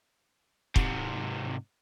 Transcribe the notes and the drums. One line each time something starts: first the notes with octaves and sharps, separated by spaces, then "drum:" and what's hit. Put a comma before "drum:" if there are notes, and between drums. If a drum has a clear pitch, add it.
G#2 C3, drum: kick